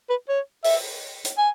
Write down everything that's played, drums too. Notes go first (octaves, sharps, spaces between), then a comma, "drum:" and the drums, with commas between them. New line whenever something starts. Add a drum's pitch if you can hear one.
B4
C#5
E5, drum: open hi-hat
drum: hi-hat
G#5